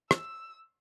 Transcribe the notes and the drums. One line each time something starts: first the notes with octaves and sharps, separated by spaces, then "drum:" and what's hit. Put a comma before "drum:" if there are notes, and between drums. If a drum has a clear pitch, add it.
E6, drum: rim click